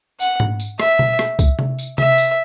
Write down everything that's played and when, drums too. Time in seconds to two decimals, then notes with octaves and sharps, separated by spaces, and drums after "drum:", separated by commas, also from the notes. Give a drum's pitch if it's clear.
0.20 F#5, drum: tambourine
0.40 drum: tom G#2
0.60 drum: tambourine
0.80 E5, drum: rim click
0.99 drum: tom B2
1.19 drum: rim click
1.39 drum: kick, tambourine
1.59 drum: tom C3
1.78 drum: tambourine
1.98 E5, drum: tom C3
2.18 drum: tambourine